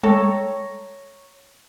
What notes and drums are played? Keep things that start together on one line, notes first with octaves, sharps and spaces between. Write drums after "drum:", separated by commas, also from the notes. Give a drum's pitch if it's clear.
A4 C#5 G5 A#5, drum: tom G3